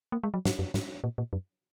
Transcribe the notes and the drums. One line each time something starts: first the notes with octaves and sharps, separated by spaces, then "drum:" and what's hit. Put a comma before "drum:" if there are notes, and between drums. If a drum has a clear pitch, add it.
A#3
G#3
F#3
G#2, drum: snare
F#2
G#2, drum: snare
A#2
A#2
F#2